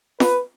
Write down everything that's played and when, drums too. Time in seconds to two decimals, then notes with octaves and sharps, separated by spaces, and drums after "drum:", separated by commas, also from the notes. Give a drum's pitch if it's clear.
0.20 B4, drum: snare